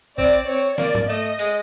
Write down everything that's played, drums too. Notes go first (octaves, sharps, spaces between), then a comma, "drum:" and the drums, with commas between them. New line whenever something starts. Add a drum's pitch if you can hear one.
C4 D5, drum: kick A1
C4 C#5
A#3 D5, drum: snare
drum: tom G#2
A3 D#5
G#3, drum: hi-hat